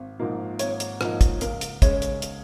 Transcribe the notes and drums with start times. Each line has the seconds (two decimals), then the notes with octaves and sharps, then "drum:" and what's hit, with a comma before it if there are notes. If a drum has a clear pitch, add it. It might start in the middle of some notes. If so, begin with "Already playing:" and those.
Already playing: G#1
0.20 G#2 F3 A#3 D#4
0.59 G#1 C#5, drum: hi-hat
0.80 drum: hi-hat
1.01 G#2 F3 A#3 D#4, drum: rim click
1.21 drum: kick, hi-hat
1.41 C#2 A#4, drum: hi-hat
1.61 drum: hi-hat
1.82 C#3 G#3 C#4 C#5, drum: kick, hi-hat
2.02 drum: hi-hat
2.22 drum: hi-hat